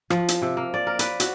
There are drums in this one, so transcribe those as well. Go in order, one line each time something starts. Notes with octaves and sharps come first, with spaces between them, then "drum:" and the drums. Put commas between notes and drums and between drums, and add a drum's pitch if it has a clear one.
F3, drum: rim click
drum: hi-hat
C3
A#3
D5
A#4
B4, drum: hi-hat
F#4, drum: hi-hat